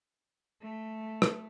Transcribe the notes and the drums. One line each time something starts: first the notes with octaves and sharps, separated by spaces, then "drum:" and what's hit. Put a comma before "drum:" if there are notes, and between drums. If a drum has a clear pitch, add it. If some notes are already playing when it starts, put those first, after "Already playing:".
A3
drum: rim click